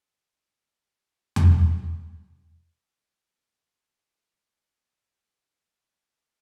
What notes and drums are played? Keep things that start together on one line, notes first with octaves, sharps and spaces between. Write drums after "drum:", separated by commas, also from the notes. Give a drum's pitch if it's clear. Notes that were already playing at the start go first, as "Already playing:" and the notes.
G#5
drum: tom E2
G#3 F5
D4
D4 F5
F#3
E3 A3 B3 D4
C3 C4 F4